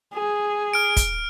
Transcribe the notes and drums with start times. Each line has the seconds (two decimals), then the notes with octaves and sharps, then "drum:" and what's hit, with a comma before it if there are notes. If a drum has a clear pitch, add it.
0.13 G#4
0.73 F6 D7
0.97 drum: kick, hi-hat